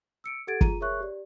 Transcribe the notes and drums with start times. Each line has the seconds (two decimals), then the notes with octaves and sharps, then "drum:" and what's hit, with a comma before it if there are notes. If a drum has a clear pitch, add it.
0.24 E6 C#7 D7
0.47 G4 A4 F#5 G#6 A6 D7
0.61 F4 G#4 A#5 D#7, drum: kick
0.81 G#4 A#4 C#5 E5 C#6 F#6
1.00 G4 D5